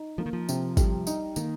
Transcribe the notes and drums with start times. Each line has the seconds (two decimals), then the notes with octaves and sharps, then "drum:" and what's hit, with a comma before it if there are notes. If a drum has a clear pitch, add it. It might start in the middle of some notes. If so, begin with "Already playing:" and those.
Already playing: D#4
0.18 F3 A#3
0.26 D#3
0.33 F3
0.49 C3, drum: tambourine
0.77 G3, drum: kick, tambourine
1.07 D#4, drum: tambourine
1.36 D#3 A#3, drum: tambourine